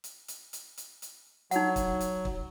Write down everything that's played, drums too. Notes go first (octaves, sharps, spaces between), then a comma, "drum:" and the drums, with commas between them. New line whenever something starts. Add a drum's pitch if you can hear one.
drum: hi-hat
drum: hi-hat
drum: hi-hat
drum: hi-hat
drum: hi-hat
F#3 D#4 F#5, drum: hi-hat
drum: kick, hi-hat
drum: hi-hat
drum: kick